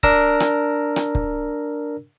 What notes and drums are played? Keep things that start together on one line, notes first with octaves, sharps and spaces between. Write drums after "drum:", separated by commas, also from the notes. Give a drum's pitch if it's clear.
D4 A#4 E6 A#6, drum: kick
drum: rim click
drum: rim click
drum: kick